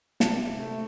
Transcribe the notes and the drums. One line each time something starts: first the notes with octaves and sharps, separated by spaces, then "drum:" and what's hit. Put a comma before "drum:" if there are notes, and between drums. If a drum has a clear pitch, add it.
C3 A5, drum: snare
C3
A3